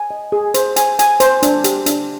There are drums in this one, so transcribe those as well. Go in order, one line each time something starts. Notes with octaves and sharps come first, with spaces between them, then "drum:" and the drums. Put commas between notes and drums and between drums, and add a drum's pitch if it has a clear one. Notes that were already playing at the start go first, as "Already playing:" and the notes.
Already playing: G#5
D#5
G#4
C5, drum: hi-hat
G#5, drum: hi-hat
G#5, drum: hi-hat
C5, drum: hi-hat
D4, drum: hi-hat
G4, drum: hi-hat
D4, drum: hi-hat